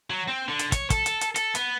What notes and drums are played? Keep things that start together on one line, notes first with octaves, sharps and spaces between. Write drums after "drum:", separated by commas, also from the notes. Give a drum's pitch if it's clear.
F#3
C4
D3
drum: hi-hat
C#5, drum: kick, hi-hat
A4, drum: kick, hi-hat
drum: hi-hat
drum: hi-hat
A4, drum: hi-hat
B3, drum: hi-hat